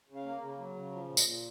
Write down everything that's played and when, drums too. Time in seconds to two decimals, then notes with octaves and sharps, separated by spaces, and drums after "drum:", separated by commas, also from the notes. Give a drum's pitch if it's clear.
0.08 C#3
0.16 F5
0.24 A#3
0.41 C#3
0.58 F#3
0.75 C#3
0.92 F3
1.09 A#2
1.17 D#5, drum: tambourine
1.25 A#2